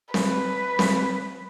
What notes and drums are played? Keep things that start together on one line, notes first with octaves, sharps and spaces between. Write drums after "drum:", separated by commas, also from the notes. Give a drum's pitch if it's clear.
B4, drum: snare C4
drum: snare C4